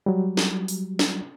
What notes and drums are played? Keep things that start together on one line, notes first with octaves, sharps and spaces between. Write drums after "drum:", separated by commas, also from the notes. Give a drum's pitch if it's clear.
F#3 G3
drum: snare
drum: open hi-hat
drum: snare